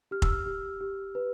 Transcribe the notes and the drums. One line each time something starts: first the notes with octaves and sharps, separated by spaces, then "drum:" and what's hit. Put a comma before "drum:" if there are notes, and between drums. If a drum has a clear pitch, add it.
G4 F6
E6, drum: kick F1
F6
G4
G4
B4